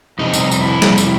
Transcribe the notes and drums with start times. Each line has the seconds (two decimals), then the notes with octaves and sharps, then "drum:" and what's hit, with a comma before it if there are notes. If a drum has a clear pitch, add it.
0.19 F2 C3 G3 D#4
0.34 D4, drum: tambourine
0.40 D#4
0.51 D#4, drum: tambourine
0.61 E4
0.82 F2 C3 G3, drum: snare
0.98 drum: tambourine